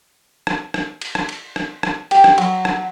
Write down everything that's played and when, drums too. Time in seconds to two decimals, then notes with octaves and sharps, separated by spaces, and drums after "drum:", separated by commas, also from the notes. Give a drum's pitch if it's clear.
0.47 drum: rim click
0.74 drum: rim click
1.01 drum: cymbal
1.15 drum: rim click
1.29 drum: cymbal
1.56 drum: rim click
1.83 drum: rim click
2.11 G4, drum: cymbal
2.24 drum: rim click
2.38 F#3, drum: cymbal
2.65 drum: rim click